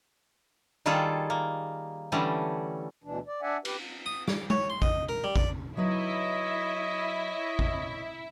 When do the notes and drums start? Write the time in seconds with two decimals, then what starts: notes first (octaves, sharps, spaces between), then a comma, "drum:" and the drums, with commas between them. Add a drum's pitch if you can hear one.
0.86 D#3 G3 F4 G#4 A4
1.30 A#3
2.12 D3 E3 G3 A3 C#4
3.04 D2 B2 E3 D4
3.27 D5
3.42 D4 D5 E5 F#5 G#5
3.65 G4 B4, drum: cymbal
4.06 D#6
4.28 D6, drum: snare
4.50 C#5, drum: tom G#3
4.70 C6
4.82 D#5, drum: kick
5.09 A#4
5.24 G3
5.36 D5, drum: kick
5.77 F#3 D#4 E4 B4 C#5 D#5 E5
7.59 drum: kick